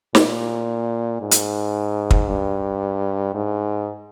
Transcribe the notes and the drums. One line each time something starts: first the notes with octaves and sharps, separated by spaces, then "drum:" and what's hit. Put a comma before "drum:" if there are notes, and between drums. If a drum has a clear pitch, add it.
A#2, drum: snare
G#2
drum: hi-hat
drum: kick
G2
G#2